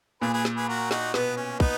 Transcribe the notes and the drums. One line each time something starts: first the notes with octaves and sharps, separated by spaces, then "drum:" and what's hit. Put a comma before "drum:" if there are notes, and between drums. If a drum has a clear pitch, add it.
A#2 G#4 B4
G#4 B4
drum: snare
G#4 B4
F#4 A#4
D#4 F#4, drum: snare
B2 B3, drum: snare
C#4
B3 D#4, drum: kick